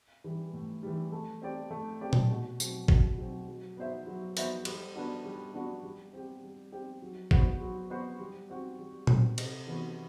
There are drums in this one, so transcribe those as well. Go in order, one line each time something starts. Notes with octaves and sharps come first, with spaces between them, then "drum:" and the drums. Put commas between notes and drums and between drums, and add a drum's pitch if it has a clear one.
E3 G3
A2
E3 G3
A3
C4 G4 D5
A3
C4 G4 D5
drum: tom A#2
B2
F#3 C4, drum: tambourine
B2, drum: kick
F#3 C4
F#3
B3 F#4 C5 E5
F#3
B3 F#4 C5 E5, drum: open hi-hat
G3, drum: cymbal
B3 D4 F#4
G3
B3 D4 F#4
G3
C4 G4
G3
C4 G4
F#3
B3 F#4 C5, drum: kick
F#3
B3 F#4 C5
G3
C4 F#4
G3
C4 F#4, drum: tom A#2
C3, drum: cymbal
E3 B3 F#4